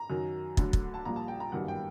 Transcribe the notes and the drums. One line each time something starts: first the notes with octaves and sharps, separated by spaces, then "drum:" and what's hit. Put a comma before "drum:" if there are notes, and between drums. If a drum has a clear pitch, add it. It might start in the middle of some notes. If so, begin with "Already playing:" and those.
Already playing: A#5
F#2 D#3 F#3
D2 D3 F#3, drum: kick
drum: kick
A5
A#1 A#2 G3 A#5
A5
G5
A#5
G1 F#2 D#3 G3 F#5
G5